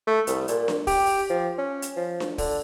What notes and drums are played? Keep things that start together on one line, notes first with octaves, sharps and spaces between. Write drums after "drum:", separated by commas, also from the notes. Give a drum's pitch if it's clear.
A3
C2, drum: hi-hat
A#2, drum: hi-hat
drum: snare D4
G4, drum: kick, open hi-hat
drum: open hi-hat
F3
C#4
drum: hi-hat
F3
drum: snare D4
D3, drum: kick, open hi-hat